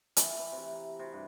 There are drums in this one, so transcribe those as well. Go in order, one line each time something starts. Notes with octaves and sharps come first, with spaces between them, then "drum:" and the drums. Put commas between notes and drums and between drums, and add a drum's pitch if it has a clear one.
E3, drum: hi-hat
E3
C3
A#5
C3
G2